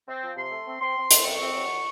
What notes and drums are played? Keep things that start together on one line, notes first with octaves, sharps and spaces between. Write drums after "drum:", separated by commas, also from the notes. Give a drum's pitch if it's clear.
C4
F3
C3 C6
A3
C4
C4 C6
C4
C4, drum: hi-hat
F2 C#6
C4
F#3